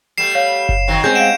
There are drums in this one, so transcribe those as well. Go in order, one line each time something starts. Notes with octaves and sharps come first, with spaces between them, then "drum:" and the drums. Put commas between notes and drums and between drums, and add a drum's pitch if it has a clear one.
G3 A3 B3 C7 E7
C#5 F5
drum: kick F#1
D#3 F#3 C4
G#3 C4 C#4 G6
F5 F#5 D7 E7